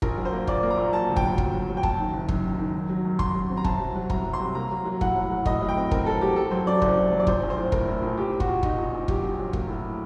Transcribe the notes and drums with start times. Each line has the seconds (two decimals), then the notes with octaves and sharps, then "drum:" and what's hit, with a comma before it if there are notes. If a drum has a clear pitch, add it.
0.02 A#1 A#4, drum: kick
0.17 F#3
0.25 C5
0.33 A#3
0.47 A#2 D5, drum: kick
0.63 A#3
0.70 A#5
0.77 A#2
0.93 F#3 A5
1.09 D2
1.16 G5, drum: kick
1.24 F#3
1.38 F#3, drum: kick
1.54 F#3
1.69 F#3
1.77 G5
1.83 F#2 A5, drum: kick
1.99 D#3
2.13 F#1
2.28 F#2, drum: kick
2.44 D#3
2.59 D#3
2.74 F#2
2.89 F#3
3.05 F#2
3.19 F#2 C6, drum: kick
3.35 F#3
3.49 C4
3.57 A#5
3.64 C2 A5, drum: kick
3.80 F#3
3.96 F#3
4.10 C2 A#5, drum: kick
4.26 F#3
4.33 C6
4.40 C3
4.55 A#3 A#5
4.71 F#3
4.85 F#3
5.01 A2 F#5, drum: kick
5.15 F#3
5.31 F#3
5.46 A2 D#5, drum: kick
5.61 F#3
5.69 G5
5.77 C4
5.91 C4 A#4, drum: kick
6.06 F#3 A4
6.21 F#3 G4
6.36 F#3 A4
6.51 F#2 C5
6.67 F#3 D5
6.82 F#1 C5, drum: kick
6.98 F#1
7.12 F#2
7.20 D5
7.27 A#1 C5, drum: kick
7.43 A#1
7.50 C5
7.57 A2
7.72 A3 A#4, drum: kick
7.88 A2
8.02 A#1
8.18 A#2 G4
8.32 A#2
8.40 F#4, drum: kick
8.48 A#2
8.63 A#2 D#4, drum: kick
8.78 A#1
8.93 A#2
9.08 F#3 G4, drum: kick
9.24 A#1
9.39 F#3
9.53 A#3, drum: kick
9.68 A2